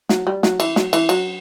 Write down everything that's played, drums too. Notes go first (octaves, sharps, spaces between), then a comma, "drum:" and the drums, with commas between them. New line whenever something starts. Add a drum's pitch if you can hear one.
F#3, drum: snare
G3
F#3, drum: snare
E3, drum: cymbal
F#3, drum: snare
E3, drum: cymbal
F#3, drum: cymbal